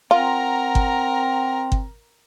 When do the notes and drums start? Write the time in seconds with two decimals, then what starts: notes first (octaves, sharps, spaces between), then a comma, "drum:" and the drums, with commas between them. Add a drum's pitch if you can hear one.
0.11 C4 F4 A#4 F#5 A#5
0.75 drum: kick G1
1.72 drum: kick G1